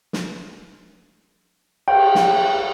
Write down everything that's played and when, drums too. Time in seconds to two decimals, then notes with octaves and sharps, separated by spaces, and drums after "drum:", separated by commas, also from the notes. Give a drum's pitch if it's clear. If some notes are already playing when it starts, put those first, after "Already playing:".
0.13 drum: snare
1.88 G5, drum: cymbal
2.15 drum: snare